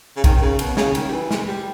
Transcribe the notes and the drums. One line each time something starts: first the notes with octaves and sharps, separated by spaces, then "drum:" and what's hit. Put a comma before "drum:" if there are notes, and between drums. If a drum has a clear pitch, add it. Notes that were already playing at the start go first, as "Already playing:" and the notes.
C#3
D#3, drum: kick, cymbal
D#3
C#3
B2, drum: cymbal
C#3, drum: snare
D#3, drum: cymbal
G3
E3
G#3, drum: snare
G#3
G3